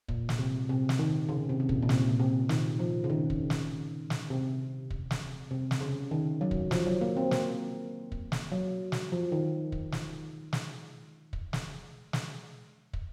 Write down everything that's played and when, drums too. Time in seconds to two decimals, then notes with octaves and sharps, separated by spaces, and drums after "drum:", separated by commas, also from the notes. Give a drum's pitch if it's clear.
0.09 A#2, drum: kick
0.29 drum: snare
0.39 C3
0.69 C3
0.89 drum: snare
0.99 D#3
1.29 C#3
1.49 C3
1.60 C3
1.69 A#2, drum: kick
1.82 A#2
1.89 C3, drum: snare
2.09 A#2
2.20 C3
2.49 D#3, drum: snare
2.79 F3
3.04 C#3
3.10 D#3
3.30 drum: kick
3.50 drum: snare
4.10 drum: snare
4.30 C3
4.90 drum: kick
5.11 drum: snare
5.51 C3
5.71 drum: snare
5.81 C#3
6.11 D#3
6.41 F#3
6.51 drum: kick
6.71 F3, drum: snare
6.86 F#3
7.01 A#3
7.17 C4
7.31 A#3, drum: snare
8.12 drum: kick
8.32 drum: snare
8.52 F#3
8.92 drum: snare
9.12 F3
9.32 D#3
9.72 drum: kick
9.92 drum: snare
10.53 drum: snare
11.33 drum: kick
11.53 drum: snare
12.13 drum: snare
12.93 drum: kick